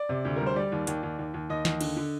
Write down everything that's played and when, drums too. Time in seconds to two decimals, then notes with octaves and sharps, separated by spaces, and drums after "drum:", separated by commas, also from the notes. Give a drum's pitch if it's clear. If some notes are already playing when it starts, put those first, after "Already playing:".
Already playing: D5
0.09 C3
0.25 D2
0.36 G3 A#4
0.46 C5
0.56 G3 D5
0.72 D#2
0.87 D#2, drum: hi-hat
1.03 D#2
1.19 D#2
1.34 D#2
1.50 D#2 D#5
1.65 D#2, drum: snare
1.81 D3, drum: cymbal
1.96 D3